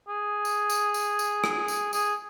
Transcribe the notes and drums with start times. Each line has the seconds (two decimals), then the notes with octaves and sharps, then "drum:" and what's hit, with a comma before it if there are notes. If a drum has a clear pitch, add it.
0.08 G#4
0.45 drum: tambourine
0.70 drum: tambourine
0.94 drum: tambourine
1.19 drum: tambourine
1.44 drum: rim click
1.68 drum: tambourine
1.93 G#4, drum: tambourine